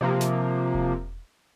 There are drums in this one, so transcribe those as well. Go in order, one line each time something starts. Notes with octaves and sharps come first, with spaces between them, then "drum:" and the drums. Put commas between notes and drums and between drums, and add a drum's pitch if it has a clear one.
C3 F3 A#3
drum: snare
drum: kick E1